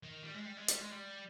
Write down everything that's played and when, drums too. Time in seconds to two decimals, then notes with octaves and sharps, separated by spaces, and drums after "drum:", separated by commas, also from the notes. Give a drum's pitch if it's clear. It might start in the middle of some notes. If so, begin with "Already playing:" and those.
0.03 D#3
0.23 G3
0.34 G#3
0.46 G3
0.57 G#3
0.68 G3, drum: hi-hat
0.80 G#3
0.91 G3